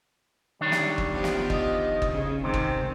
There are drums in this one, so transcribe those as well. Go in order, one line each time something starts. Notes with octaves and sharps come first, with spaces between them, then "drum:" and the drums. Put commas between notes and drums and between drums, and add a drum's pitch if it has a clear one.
D#3 G3 D4 C#5
drum: snare
drum: kick
F3 B3 G4
drum: snare
D#5, drum: kick
drum: kick
C#3
G#2 C3 D#3 C4
drum: kick